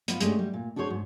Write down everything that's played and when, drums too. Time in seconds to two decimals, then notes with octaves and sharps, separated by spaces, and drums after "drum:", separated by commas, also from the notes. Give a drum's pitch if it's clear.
0.08 B3 F4, drum: hi-hat
0.20 G#3 A3 C#4 D4 G4, drum: hi-hat
0.39 G3
0.53 A#2
0.76 D4 F#4 G#4 C5 C#5
0.90 G#2